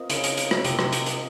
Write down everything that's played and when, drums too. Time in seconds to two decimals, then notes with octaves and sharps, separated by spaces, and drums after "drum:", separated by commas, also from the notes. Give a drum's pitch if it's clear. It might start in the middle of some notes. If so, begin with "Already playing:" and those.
Already playing: C4 F4 A#4 D#5
0.10 C#3, drum: hi-hat
0.24 drum: hi-hat
0.37 drum: hi-hat
0.51 drum: rim click
0.64 C3, drum: hi-hat
0.79 drum: rim click
0.92 drum: hi-hat
1.06 drum: hi-hat